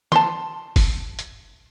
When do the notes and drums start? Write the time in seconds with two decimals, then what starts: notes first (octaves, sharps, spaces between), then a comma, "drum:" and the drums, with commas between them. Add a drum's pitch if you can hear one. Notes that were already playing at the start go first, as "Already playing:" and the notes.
0.12 A5 C6, drum: snare
0.76 drum: kick, open hi-hat
1.19 drum: hi-hat